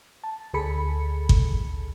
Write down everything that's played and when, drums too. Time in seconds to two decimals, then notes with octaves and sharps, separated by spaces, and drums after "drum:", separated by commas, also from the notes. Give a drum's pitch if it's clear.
0.24 A5
0.54 D2 D3 G#4 A4 B5 C#7
1.29 drum: kick G#1